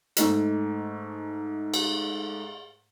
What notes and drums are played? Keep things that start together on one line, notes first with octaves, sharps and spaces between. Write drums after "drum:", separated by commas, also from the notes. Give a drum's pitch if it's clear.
G#2 A3 D#4, drum: hi-hat
drum: cymbal